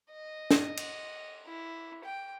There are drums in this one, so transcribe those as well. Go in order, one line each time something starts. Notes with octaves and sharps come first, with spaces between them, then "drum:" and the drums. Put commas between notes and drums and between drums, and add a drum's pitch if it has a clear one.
D#5
drum: snare
drum: cymbal
E4
G5